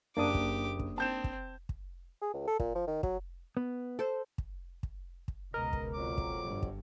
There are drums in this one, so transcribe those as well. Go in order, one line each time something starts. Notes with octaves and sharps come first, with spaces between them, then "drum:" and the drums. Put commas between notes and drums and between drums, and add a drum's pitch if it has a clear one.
F#1 A#3 D4 G4 D6 D#6
drum: kick
drum: kick
C4 A5 G6 E7
drum: kick
drum: kick
G#4
C#2
A4
A#2, drum: kick
F3
D#3
F#3, drum: kick
B3
A4 C5
drum: kick
drum: kick
drum: kick
C#2 B2 A#4 D#5
drum: kick
F2 F#3 D6
drum: kick
G1 G2
drum: kick